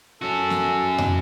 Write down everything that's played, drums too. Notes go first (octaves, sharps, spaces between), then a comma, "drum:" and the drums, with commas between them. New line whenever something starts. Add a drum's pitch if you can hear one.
C#4 F#4 A4
drum: snare
drum: tom